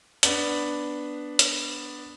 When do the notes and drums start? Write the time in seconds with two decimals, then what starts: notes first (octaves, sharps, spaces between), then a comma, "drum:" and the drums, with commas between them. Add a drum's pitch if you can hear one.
0.23 B3 D4 A5, drum: hi-hat
1.39 drum: hi-hat